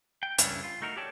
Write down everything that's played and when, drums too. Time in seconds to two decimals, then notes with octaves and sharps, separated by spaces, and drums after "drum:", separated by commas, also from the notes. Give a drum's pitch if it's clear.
0.23 G5
0.38 G2 C#3 C#4 D4 E4, drum: hi-hat
0.63 F4
0.82 A3 D#4 F#4 A#4
0.97 G4 A4 C#5 D5 G5 A5